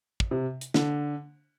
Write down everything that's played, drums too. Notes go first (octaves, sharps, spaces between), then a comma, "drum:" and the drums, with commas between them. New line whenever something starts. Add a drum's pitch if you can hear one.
drum: kick
C3
drum: hi-hat
D3, drum: snare